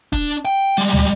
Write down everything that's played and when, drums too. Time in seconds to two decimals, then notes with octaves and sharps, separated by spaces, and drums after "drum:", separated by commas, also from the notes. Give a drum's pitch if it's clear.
0.13 D4, drum: kick
0.45 G5
0.78 G3 G#3
0.92 drum: tom